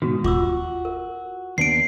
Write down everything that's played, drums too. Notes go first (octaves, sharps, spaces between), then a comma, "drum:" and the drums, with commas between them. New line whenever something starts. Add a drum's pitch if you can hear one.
G#2 B2 D#3 F#4
F4 F#4 D6 E6, drum: kick D#2
A#4
D#2 B3 D4 C7 D7